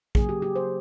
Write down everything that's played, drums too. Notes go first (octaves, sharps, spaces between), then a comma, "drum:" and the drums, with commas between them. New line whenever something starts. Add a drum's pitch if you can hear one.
C#3 F#3 A#3 G#4, drum: kick A#1
G4
G4
C5